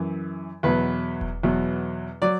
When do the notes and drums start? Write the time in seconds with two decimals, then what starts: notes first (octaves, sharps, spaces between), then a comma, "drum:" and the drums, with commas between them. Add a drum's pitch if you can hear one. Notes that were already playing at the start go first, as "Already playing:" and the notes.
Already playing: F#2 E3
0.63 E2 B2 F#3 B4
1.21 drum: kick E1
1.43 E2 B2 F#3
2.22 F#3 D5